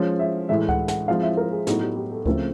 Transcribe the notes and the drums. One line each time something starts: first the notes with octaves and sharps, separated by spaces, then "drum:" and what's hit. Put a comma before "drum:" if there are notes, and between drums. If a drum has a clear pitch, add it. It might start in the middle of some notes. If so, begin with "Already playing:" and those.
Already playing: F3 G#3 C#4
E5
A2 E3 G#3 E5
F#5, drum: kick C#2
F#5, drum: snare
F3 G#3 C4 E4 F5
E5
A#4
G#4
A2 F#3 B3 D#4 G#4, drum: snare
G4
G4
A4
C#3 F3 A3 C4 A#4, drum: kick C#2